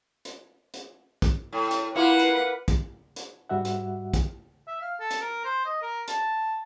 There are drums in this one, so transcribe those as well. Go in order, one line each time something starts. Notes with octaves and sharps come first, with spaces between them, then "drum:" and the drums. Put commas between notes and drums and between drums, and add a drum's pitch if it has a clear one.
drum: hi-hat
drum: hi-hat
drum: kick, hi-hat
A2
drum: hi-hat
A#3 E4 F4 B4 F#5
drum: hi-hat
drum: kick, hi-hat
drum: hi-hat
G#2 G3 F#4 E5 F#5
drum: hi-hat
drum: kick, hi-hat
E5
F5
A4
drum: hi-hat
A#4
C5
D#5
A#4
A5, drum: hi-hat